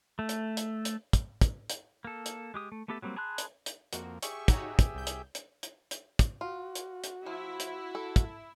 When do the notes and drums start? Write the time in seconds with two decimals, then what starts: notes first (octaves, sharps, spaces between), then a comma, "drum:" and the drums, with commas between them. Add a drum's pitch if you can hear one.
0.19 A3
0.29 drum: hi-hat
0.57 drum: hi-hat
0.85 drum: hi-hat
1.13 drum: kick, hi-hat
1.41 drum: kick, hi-hat
1.70 drum: hi-hat
2.05 A#3 A4
2.26 drum: hi-hat
2.54 G#3 G4 D#6
2.72 A3
2.88 A3 B3 G4 A4 E5
3.02 F#3 G3 A#3 C4
3.16 G#4 A5 B5 C6 F#6
3.38 drum: hi-hat
3.66 drum: hi-hat
3.93 F2 A#3 F#4, drum: hi-hat
4.23 G4 G#4 E5 C#6, drum: hi-hat
4.48 D#4 F#4 C#5, drum: kick, hi-hat
4.79 drum: kick, hi-hat
4.95 C2 G6
5.07 drum: hi-hat
5.35 drum: hi-hat
5.63 drum: hi-hat
5.91 drum: hi-hat
6.19 drum: kick, hi-hat
6.41 F4 F#4
6.75 drum: hi-hat
7.04 drum: hi-hat
7.26 F3 E4
7.60 drum: hi-hat
7.95 A4
8.16 drum: kick, hi-hat